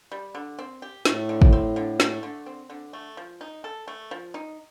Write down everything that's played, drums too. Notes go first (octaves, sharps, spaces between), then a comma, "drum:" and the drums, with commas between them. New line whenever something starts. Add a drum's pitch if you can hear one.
G3
D3
C4
G4
A2 A3, drum: snare
D3
drum: kick
C4
D3
A3, drum: snare
D3
C4
D3
A3
F3
D#4
A4
A3
F3
D#4